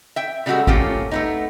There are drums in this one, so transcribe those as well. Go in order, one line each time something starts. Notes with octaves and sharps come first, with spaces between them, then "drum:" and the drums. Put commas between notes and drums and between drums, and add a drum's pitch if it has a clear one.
E5 G5
C#3 G3 G#3 F4 F#4 A4
A3 A#3 C#4 F4 G4, drum: kick
A3 B3 D#4